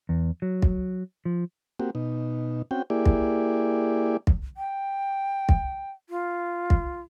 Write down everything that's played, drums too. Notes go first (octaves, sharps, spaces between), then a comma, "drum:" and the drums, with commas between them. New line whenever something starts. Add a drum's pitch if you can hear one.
E2
F#3
drum: kick
F3
A#3 C4 F#4 G4
B2 D#4
C4 C#4 F#4 G5
A#3 E4 G4 G#4 D5
drum: kick
drum: kick
G5
drum: kick
F4
drum: kick